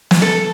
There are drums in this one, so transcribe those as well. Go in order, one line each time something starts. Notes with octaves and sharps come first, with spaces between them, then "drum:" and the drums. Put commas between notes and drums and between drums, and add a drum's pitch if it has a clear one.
drum: snare
A4